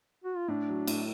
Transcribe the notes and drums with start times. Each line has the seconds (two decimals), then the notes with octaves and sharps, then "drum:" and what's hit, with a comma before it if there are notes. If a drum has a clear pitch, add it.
0.24 F#4
0.37 F4
0.48 A2 D4
0.68 F#3
0.87 A2, drum: cymbal